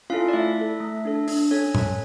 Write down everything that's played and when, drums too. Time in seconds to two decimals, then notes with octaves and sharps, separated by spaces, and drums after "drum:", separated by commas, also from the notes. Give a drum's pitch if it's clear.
0.10 C#4 E4 F4 A4 F5
0.28 D5
0.33 A3 E4 E5
0.57 E4 A4
0.80 A3
1.05 D4 A4
1.28 D4, drum: open hi-hat
1.51 C#4 A4 C#5
1.75 C#4, drum: tom A2